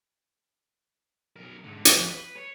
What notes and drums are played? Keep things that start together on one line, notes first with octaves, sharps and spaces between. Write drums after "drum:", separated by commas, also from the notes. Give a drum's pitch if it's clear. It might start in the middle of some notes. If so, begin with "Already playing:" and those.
B1 A#4
G#2 D3
drum: hi-hat
F3
B4
C#5